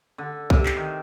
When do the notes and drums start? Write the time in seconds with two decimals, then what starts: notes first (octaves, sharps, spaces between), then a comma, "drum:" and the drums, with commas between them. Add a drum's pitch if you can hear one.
0.18 D3
0.50 C3, drum: kick B1
0.66 drum: clap
0.77 D#3